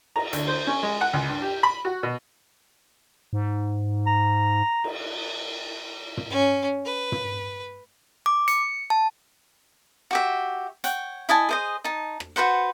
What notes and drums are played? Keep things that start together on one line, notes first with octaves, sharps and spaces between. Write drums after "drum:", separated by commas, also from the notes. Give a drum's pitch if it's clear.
A#5, drum: cymbal
D2, drum: hi-hat
C5
C#4
G#3
F#5
C#2
G2
G4
B5
F#4
B2
G#2
A#5
drum: cymbal
drum: tom
C#4
B4
drum: tom
D6
C#7, drum: hi-hat
A5
F#4 G4 E5
C#5 F#5 G5, drum: hi-hat
E4 D#5 G#5 A5
G#4 C5 D#5
D#4 A5
drum: rim click
F#4 B4 C5 F#5